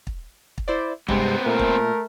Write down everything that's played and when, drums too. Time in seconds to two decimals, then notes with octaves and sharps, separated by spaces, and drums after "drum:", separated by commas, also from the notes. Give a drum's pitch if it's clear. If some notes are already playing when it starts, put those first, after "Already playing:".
0.07 drum: kick
0.58 drum: kick
0.68 E4 C5 D5
1.08 G2 C3 G#3 B3 C4, drum: kick
1.46 A#2 A3 A#4
1.59 drum: kick